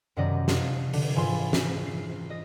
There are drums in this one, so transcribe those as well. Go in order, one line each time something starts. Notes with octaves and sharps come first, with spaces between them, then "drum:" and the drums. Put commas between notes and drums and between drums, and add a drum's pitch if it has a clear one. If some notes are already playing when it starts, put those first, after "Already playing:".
F#2 C3 D#3 B3 D5 D#5
F4, drum: snare
D3, drum: open hi-hat
G#2 E3 F4 G#5 C6
drum: snare
C7
D#5